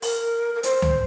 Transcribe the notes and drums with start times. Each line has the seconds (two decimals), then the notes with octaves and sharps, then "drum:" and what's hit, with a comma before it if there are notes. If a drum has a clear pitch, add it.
0.02 A#4, drum: open hi-hat
0.55 A#4
0.63 C5, drum: hi-hat
0.82 drum: tom C#2